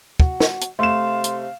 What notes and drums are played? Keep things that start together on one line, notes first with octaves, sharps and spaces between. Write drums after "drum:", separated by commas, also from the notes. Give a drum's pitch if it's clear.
F#4, drum: kick
drum: snare
drum: hi-hat
C3 A3 F5 C6 E7
drum: hi-hat